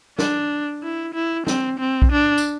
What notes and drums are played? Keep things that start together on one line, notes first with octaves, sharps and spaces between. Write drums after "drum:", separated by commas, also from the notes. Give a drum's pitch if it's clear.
D4, drum: snare
E4
E4
C4, drum: snare
C4
drum: kick B1
D4
drum: tambourine